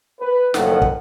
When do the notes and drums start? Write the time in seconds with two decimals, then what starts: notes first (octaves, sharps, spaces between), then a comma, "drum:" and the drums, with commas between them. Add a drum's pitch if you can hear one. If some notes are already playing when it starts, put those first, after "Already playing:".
0.20 B4
0.54 F#1 A2 D#3 F3 A4 F#5, drum: snare
0.82 drum: kick